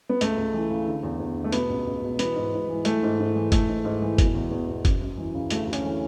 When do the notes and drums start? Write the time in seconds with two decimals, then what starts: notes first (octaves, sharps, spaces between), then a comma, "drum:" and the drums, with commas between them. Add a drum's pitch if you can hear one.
0.09 B3
0.21 C#2 A3, drum: hi-hat
0.37 C#2
0.54 E3
0.70 C#3
0.87 D3
1.03 E2
1.20 E2
1.36 D3
1.44 A3
1.52 B2 B3, drum: hi-hat
1.70 C#2
1.87 C#2
2.02 B2
2.19 E3 B3, drum: hi-hat
2.35 G#2
2.53 G#2
2.68 E3
2.85 E3 A3, drum: hi-hat
3.03 G#2
3.19 G#2
3.36 E3
3.52 E3 A3, drum: kick, hi-hat
3.68 G#2
3.85 G#2
4.02 E3
4.18 B2, drum: kick, hi-hat
4.34 E2
4.51 E2
4.67 B2
4.85 F#2, drum: kick, hi-hat
5.01 F#2
5.17 E3
5.34 C#3
5.50 D2 A3, drum: hi-hat
5.67 D2
5.73 C#4, drum: hi-hat
5.84 E3